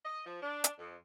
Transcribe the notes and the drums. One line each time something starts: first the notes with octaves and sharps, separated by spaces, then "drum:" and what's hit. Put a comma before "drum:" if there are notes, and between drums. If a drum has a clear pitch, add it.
D#5
F3
D4
drum: hi-hat
F2